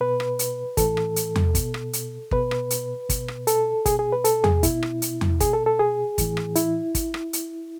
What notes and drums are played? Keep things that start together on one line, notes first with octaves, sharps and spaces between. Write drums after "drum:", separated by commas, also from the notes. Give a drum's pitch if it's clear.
B2 B4
drum: rim click
drum: hi-hat
A2 E3 A4, drum: kick, hi-hat
drum: rim click
drum: hi-hat
drum: tom E2
B2, drum: kick, hi-hat
drum: rim click
drum: hi-hat
B2 B4, drum: kick
drum: rim click
drum: hi-hat
B2, drum: kick, hi-hat
drum: rim click
A4, drum: hi-hat
B2 G#4, drum: kick, hi-hat
G#4
B4
A4, drum: hi-hat
G#4, drum: tom E2
B2 E4, drum: kick, hi-hat
drum: rim click
drum: hi-hat
drum: tom E2
B2 G#4, drum: kick, hi-hat
A4
A4
G#4
A2 E3, drum: kick, hi-hat
drum: rim click
E4, drum: hi-hat
drum: kick, hi-hat
drum: rim click
drum: hi-hat